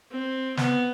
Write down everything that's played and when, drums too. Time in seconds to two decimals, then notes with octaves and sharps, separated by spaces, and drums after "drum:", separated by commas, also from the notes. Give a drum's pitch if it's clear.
0.11 C4
0.57 B3, drum: snare